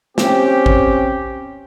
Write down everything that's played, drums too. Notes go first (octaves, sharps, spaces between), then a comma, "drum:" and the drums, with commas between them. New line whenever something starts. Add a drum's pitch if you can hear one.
C4 C#4 G4, drum: snare
drum: kick